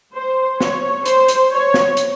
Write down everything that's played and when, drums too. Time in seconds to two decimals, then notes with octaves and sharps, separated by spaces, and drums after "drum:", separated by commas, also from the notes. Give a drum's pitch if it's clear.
0.14 C5
0.60 C#5, drum: snare
1.06 C5, drum: hi-hat
1.28 drum: hi-hat
1.52 C#5
1.74 drum: snare
1.97 drum: hi-hat